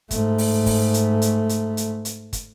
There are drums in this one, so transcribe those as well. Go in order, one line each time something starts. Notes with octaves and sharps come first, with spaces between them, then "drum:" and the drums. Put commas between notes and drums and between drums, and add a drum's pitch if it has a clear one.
G#2 A3, drum: kick, hi-hat
drum: open hi-hat
drum: kick, open hi-hat
drum: hi-hat
drum: hi-hat
drum: hi-hat
drum: hi-hat
drum: hi-hat
drum: kick, hi-hat